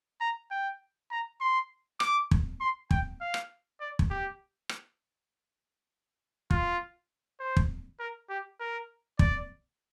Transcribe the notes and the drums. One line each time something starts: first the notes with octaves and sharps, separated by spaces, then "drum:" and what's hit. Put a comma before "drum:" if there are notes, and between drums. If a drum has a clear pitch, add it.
A#5
G5
A#5
C6
D6, drum: rim click
drum: kick
C6
G5, drum: kick
F5
drum: rim click
D5
drum: kick
G4
drum: rim click
F4, drum: kick
C5
drum: kick
A#4
G4
A#4
D5, drum: kick